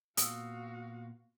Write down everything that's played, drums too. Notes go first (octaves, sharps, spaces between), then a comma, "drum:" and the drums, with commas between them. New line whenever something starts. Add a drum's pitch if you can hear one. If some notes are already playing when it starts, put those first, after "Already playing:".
A#2 B3 F#4 F5 D#6 E6, drum: hi-hat